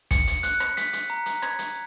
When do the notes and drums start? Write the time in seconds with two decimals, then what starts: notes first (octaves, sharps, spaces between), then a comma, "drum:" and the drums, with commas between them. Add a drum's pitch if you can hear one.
0.11 C#7, drum: kick, hi-hat
0.27 drum: hi-hat
0.43 F#6, drum: hi-hat
0.60 drum: rim click
0.77 B6, drum: hi-hat
0.93 drum: hi-hat
1.10 A#5
1.26 drum: hi-hat
1.42 G#6, drum: rim click
1.59 drum: hi-hat